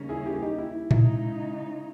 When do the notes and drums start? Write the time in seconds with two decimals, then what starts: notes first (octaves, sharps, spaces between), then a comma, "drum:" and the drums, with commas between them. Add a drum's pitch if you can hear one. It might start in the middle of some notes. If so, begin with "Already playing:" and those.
Already playing: D#2 C#3 G3 A#3 C#4
0.09 E4 G#4
0.26 G4
0.34 G#4
0.42 D#4 G4
0.58 E4
0.91 C#3 G#3 D#4 E4, drum: tom A2